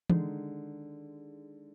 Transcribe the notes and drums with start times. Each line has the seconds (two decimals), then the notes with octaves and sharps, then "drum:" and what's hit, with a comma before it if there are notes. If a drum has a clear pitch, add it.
0.10 D3 D#3 G#3 D#4 G#4, drum: tom E3